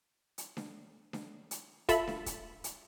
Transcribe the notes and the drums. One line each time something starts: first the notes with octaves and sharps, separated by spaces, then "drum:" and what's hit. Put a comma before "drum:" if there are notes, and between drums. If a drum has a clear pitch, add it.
drum: hi-hat
drum: snare D4
drum: snare D4
drum: hi-hat
F4 A4 E5 A5 B5, drum: kick, hi-hat
drum: snare D4
drum: kick, hi-hat
drum: hi-hat